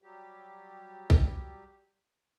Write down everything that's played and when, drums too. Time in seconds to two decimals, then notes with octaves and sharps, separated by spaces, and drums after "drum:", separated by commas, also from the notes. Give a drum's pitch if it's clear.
0.02 F#3 G3 G4
1.10 drum: kick A#1